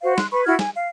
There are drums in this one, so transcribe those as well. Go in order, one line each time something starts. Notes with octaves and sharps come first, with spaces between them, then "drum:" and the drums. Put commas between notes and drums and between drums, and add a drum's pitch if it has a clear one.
F#4 C5 F5
C6 F#6, drum: snare
B4 B5 C#6
E4 F#4 F6 G#6
G#5, drum: snare
F5